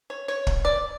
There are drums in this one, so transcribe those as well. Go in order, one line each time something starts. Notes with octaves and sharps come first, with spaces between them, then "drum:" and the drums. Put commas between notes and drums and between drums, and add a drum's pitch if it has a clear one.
C#5
C#5
drum: kick
D5